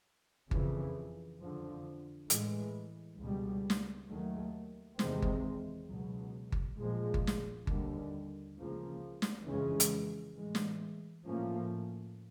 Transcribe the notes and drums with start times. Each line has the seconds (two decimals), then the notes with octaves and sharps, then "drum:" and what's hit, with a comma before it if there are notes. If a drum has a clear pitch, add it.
0.51 F2 C#3 E3, drum: kick G1
1.40 F2 D3 F3
2.30 A2 E3 G#3, drum: hi-hat
3.20 C#2 B2 G3
3.70 drum: snare
4.09 D#2 D#3 F#3 A3
4.99 E2 C3 D#3 G#3 C4, drum: snare
5.22 drum: kick G1
5.88 C#2 B2 F#3
6.52 drum: kick G1
6.78 A#2 F3 G#3
7.14 drum: kick G1
7.27 drum: snare
7.67 D#2 D3 G3, drum: kick G1
8.57 C#2 C#3 F3 A#3
9.22 drum: snare
9.46 F2 C#3 E3 G#3 C#4
9.80 drum: hi-hat
10.35 A2 E3 G#3
10.55 drum: snare
11.26 A2 F3 A#3 C#4